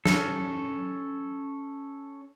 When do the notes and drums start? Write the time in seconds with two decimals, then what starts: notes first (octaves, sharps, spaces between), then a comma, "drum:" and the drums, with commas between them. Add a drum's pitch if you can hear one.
0.05 C#4 A4, drum: snare